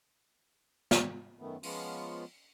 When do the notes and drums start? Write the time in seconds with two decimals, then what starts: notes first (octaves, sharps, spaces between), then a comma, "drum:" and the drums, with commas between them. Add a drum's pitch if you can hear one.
0.91 drum: snare
1.39 F#2 D#3 A3 B3
1.63 F3 G#3 B3 C#4 F4, drum: open hi-hat